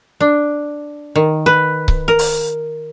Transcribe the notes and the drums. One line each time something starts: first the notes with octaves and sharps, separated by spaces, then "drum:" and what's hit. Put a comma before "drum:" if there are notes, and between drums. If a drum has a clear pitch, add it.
D4
D#3
B4
drum: kick C#1
A#4
drum: open hi-hat